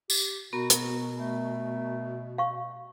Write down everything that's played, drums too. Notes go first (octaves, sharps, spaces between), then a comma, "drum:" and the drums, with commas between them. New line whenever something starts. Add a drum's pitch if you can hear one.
G4, drum: tambourine
B2 B3 F#4 A#4 A#5
drum: hi-hat
A3
F5 C#6